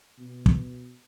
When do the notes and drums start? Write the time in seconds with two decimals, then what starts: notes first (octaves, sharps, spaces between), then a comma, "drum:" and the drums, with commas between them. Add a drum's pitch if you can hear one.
0.19 B2
0.46 drum: kick